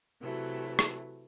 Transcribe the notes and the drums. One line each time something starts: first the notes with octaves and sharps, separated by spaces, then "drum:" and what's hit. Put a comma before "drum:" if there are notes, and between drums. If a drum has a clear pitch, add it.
C3 E3 F#3 A3
drum: rim click